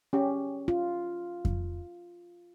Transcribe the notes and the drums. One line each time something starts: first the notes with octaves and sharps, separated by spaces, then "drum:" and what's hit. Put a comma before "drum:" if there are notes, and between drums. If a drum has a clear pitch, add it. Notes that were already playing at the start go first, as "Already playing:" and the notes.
C#4 G4
F4
drum: kick F2